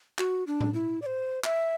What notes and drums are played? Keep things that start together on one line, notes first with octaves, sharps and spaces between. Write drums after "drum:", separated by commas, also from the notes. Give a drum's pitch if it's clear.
F#4, drum: clap
D4
drum: tom A2
E4
D5
C5
E5, drum: clap